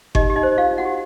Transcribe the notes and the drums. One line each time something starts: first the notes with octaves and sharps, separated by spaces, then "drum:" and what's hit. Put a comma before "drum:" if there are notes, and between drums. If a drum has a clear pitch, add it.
D#4 G4 D#5, drum: kick G1
G4
D#4 D#5
C5
F4 G4 F5
D#4
F#4 F#5
G4